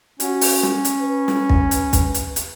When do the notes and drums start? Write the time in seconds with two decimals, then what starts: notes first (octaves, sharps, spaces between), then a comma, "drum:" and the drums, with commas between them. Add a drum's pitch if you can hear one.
0.20 C#4 F#4, drum: hi-hat
0.41 drum: open hi-hat
0.63 drum: snare
0.85 drum: hi-hat
1.00 B4
1.28 drum: snare
1.50 drum: kick
1.71 drum: hi-hat
1.93 drum: kick, hi-hat
2.14 drum: hi-hat
2.36 drum: hi-hat